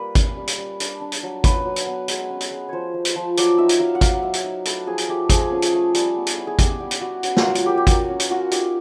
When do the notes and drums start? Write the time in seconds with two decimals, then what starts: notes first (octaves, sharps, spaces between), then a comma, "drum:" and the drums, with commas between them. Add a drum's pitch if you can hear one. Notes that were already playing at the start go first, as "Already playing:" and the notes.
Already playing: G3 A#3 B4
0.15 C#4, drum: kick G#1, hi-hat
0.37 G3
0.47 drum: hi-hat
0.58 G3
0.80 D4, drum: hi-hat
1.01 D4
1.12 drum: hi-hat
1.23 F#3
1.44 F#3 B4, drum: kick G#1, hi-hat
1.66 F#3
1.76 drum: hi-hat
1.87 B3
2.08 G#3, drum: hi-hat
2.30 C#4
2.40 drum: hi-hat
2.51 G#3
2.69 F3 C5 C#5
2.94 F3
3.05 drum: hi-hat
3.16 F3
3.37 F#3 D5, drum: hi-hat
3.58 D#4 E5
3.69 drum: hi-hat
3.80 F#3 F5
3.95 F#5
4.01 F#3 F5, drum: kick G#1, hi-hat
4.23 F#3 E5
4.34 drum: hi-hat
4.44 D#4
4.65 A3 B4, drum: hi-hat
4.87 F3 G#4
4.98 drum: hi-hat
5.09 A3 G4
5.30 F3 G#4, drum: kick G#1, hi-hat
5.51 C#4
5.62 drum: hi-hat
5.73 A3
5.95 G3, drum: hi-hat
6.16 B3
6.27 drum: hi-hat
6.37 E4
6.47 G#4
6.59 B3 G4, drum: kick G#1, hi-hat
6.80 G3 G4
6.91 drum: hi-hat
7.01 B3 F#4
7.23 C#4 F#4, drum: hi-hat
7.37 F4, drum: snare
7.44 F#3 F#4
7.55 drum: hi-hat
7.66 A#3 G4
7.77 G4
7.87 A#3 F#4, drum: kick G#1, hi-hat
8.09 C#4
8.20 drum: hi-hat
8.30 F4 F#4
8.51 D#4 G4, drum: hi-hat